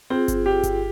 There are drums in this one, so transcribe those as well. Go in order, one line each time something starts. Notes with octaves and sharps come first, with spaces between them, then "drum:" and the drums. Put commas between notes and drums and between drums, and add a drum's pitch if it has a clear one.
C4 F4 G#4
drum: kick G1, hi-hat
G4
drum: kick G1, hi-hat